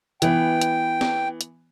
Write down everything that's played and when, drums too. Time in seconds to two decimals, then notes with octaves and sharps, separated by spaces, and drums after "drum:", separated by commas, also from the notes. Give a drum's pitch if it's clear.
0.22 E3 B3 G5, drum: hi-hat
0.61 drum: hi-hat
1.01 drum: snare
1.41 drum: hi-hat